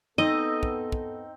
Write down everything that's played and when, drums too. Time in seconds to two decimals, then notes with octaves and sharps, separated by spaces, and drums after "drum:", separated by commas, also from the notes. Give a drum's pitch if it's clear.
0.18 B3 C4 D#4 A4 D#5
0.63 drum: kick
0.92 drum: kick